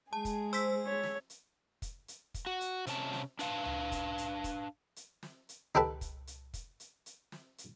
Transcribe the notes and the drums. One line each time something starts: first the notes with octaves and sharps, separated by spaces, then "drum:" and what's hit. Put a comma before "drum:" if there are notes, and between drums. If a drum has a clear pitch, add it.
G#3 G#4 A5
drum: kick, hi-hat
C5 E6 B6, drum: hi-hat
C#5
drum: snare
drum: hi-hat
drum: kick, hi-hat
drum: hi-hat
drum: kick, hi-hat
F#4
drum: hi-hat
C3 C#4 A5, drum: hi-hat
drum: snare
D4 B4 F5 A5, drum: hi-hat
drum: tom C#2
drum: kick, hi-hat
drum: hi-hat
drum: kick, hi-hat
drum: hi-hat
drum: snare
drum: hi-hat
D#4 G4 A4 B4, drum: tom C#2
drum: kick, hi-hat
drum: hi-hat
drum: kick, hi-hat
drum: hi-hat
drum: hi-hat
drum: snare
drum: hi-hat